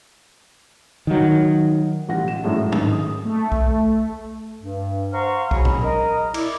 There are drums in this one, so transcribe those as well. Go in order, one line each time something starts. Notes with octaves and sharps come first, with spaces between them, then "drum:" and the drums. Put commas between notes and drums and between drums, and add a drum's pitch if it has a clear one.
D#3 F#3
A1 F4 G4 F#5 A#6
E7
F#2 A2 G#3 D4
D#3, drum: tom G#2
D#6
A3
drum: kick B1
G2
C5 F5 F#5 A#5 C#6
B2 F#3 G#4 B5, drum: kick B1
drum: tom A#2
A#4 D#5
E4 D5, drum: cymbal